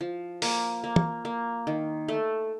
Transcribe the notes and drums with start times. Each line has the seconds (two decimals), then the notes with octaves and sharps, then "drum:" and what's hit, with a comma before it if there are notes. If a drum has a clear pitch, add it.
0.01 F3
0.42 A#3, drum: open hi-hat
0.84 A#3
0.96 drum: tom
1.25 A#3
1.67 D#3
2.08 A3